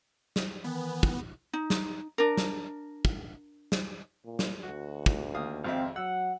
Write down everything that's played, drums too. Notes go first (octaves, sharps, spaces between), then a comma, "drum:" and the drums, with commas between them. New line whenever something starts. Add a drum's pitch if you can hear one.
drum: snare
D#3 E3 B3
drum: kick
D#4
drum: snare
D4 A#4
drum: snare
drum: kick
drum: snare
A#2
drum: snare
D2 F#4
drum: kick
D#2 F5 D#6
G#1 F2 C4 E5 F5
F#3 F#5 E6